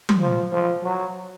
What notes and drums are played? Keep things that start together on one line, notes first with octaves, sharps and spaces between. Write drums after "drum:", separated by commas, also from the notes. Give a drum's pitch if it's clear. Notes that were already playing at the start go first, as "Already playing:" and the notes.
drum: tom F#3
F3
F3
F#3